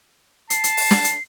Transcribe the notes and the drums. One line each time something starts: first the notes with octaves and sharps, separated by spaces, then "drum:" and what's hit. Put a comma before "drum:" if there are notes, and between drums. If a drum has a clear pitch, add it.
A5 C7, drum: hi-hat
drum: hi-hat
drum: open hi-hat
drum: snare
drum: hi-hat